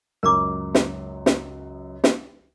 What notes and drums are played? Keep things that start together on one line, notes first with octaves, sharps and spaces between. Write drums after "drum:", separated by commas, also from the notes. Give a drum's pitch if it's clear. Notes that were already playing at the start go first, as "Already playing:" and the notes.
C#2 F#2 A#4 A#5 D6
drum: snare
drum: snare
drum: snare